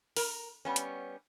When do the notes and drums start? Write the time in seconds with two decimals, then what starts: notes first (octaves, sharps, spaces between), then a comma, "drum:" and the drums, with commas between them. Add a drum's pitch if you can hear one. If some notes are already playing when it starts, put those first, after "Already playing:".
0.16 A#4, drum: open hi-hat
0.65 G3 B3 C#4
0.76 drum: hi-hat